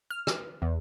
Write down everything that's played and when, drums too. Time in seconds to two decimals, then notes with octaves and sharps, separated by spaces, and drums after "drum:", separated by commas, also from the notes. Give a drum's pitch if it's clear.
0.11 F6
0.27 drum: rim click
0.62 E2